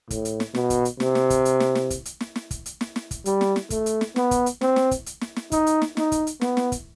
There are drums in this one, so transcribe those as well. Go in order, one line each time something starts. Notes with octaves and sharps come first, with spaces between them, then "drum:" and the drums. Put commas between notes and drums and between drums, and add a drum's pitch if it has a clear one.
A2, drum: kick, hi-hat
drum: hi-hat
drum: snare
B2, drum: snare
drum: kick, hi-hat
drum: hi-hat
C3, drum: snare
drum: snare
drum: kick, hi-hat
drum: hi-hat
drum: snare
drum: snare
drum: kick, hi-hat
drum: hi-hat
drum: snare
drum: snare
drum: kick, hi-hat
drum: hi-hat
drum: snare
drum: snare
drum: kick, hi-hat
G3, drum: hi-hat
drum: snare
drum: snare
A3, drum: kick, hi-hat
drum: hi-hat
drum: snare
B3, drum: snare
drum: kick, hi-hat
drum: hi-hat
C4, drum: snare
drum: snare
drum: kick, hi-hat
drum: hi-hat
drum: snare
drum: snare
D#4, drum: kick, hi-hat
drum: hi-hat
drum: snare
D#4, drum: snare
drum: kick, hi-hat
drum: hi-hat
B3, drum: snare
drum: snare
drum: kick, hi-hat